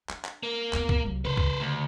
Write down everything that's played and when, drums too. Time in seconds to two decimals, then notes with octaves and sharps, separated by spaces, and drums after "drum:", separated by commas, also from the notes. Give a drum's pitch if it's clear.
0.09 D4, drum: clap
0.25 drum: clap
0.43 A#3
0.73 E2 B3, drum: clap
0.89 drum: kick
1.04 C2 F#3
1.25 C#3 B4 C5
1.37 drum: kick
1.60 D2